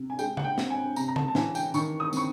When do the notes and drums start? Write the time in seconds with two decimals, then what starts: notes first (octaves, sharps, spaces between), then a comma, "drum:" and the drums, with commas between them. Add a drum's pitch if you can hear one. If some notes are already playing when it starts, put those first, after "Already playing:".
Already playing: C3
0.10 G#5
0.19 G#3 G5, drum: tambourine
0.37 F#5, drum: tom C#3
0.44 G5
0.58 C4, drum: snare
0.70 G#5
0.96 C3 A#5, drum: tambourine
1.08 A#5
1.16 A5, drum: tom C#3
1.28 A5
1.35 E3 G#5, drum: snare
1.55 G5, drum: tambourine
1.74 D#3 C#6, drum: tambourine
2.00 D#6
2.13 C4 C#6, drum: tambourine